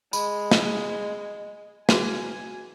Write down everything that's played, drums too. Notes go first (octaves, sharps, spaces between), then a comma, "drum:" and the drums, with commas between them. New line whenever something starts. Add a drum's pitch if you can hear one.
G#3 B5, drum: tambourine
drum: snare
F#4 G#4 B4 G#5, drum: snare